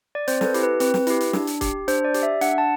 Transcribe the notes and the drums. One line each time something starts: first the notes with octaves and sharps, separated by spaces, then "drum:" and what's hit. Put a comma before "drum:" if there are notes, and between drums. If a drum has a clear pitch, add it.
D5
C4 C5, drum: hi-hat
A4, drum: snare
B4
E4 G4, drum: hi-hat
B4
C4 B4, drum: hi-hat
drum: snare
E4 G4, drum: hi-hat
drum: hi-hat
D4, drum: snare
drum: hi-hat
G4, drum: kick, hi-hat
D4 C5, drum: hi-hat
D5
G4, drum: hi-hat
E5
D4 F#5, drum: hi-hat
A5